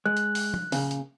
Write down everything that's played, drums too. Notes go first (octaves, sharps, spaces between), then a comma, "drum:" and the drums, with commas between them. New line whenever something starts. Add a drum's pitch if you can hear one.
G#3 F#6
drum: hi-hat
drum: open hi-hat
drum: tom
A#2 C#3, drum: open hi-hat
drum: hi-hat